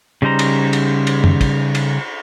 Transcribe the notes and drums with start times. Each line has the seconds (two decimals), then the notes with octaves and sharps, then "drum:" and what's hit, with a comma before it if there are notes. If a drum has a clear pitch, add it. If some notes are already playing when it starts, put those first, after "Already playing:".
0.22 C#3 G3 D#4 C5 A#5
0.39 drum: cymbal
0.73 drum: cymbal
1.07 drum: cymbal
1.24 drum: tom
1.41 drum: kick, cymbal
1.75 drum: cymbal